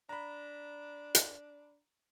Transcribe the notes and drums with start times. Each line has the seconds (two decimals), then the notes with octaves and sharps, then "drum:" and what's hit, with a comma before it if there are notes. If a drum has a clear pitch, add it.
0.09 D4 A#5 B5
1.15 drum: hi-hat